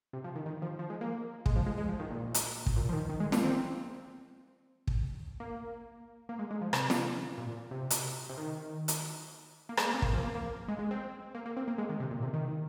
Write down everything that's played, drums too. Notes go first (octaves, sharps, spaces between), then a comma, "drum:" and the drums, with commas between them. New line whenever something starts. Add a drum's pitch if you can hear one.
C3
F3
D#3
D#3
F3
F3
G#3
A#3
G#3, drum: kick
F3
G#3
G#3
F3
D#3
A#2
drum: hi-hat
drum: kick
A#2
F3
D#3
D#3
G#3
A#3, drum: snare
C4
drum: kick
A#3
A#3
G#3
G#3
F3
C3, drum: rim click
drum: snare
A#2
C3
drum: hi-hat
C3
D#3
drum: hi-hat
A#3
G#3, drum: rim click
A#3
C4
A#3, drum: kick
F3
A#3
A#3
G#3
G#3
C4
A#3
A#3
C4
A#3
G#3
D#3
C3
A#2
C3
D#3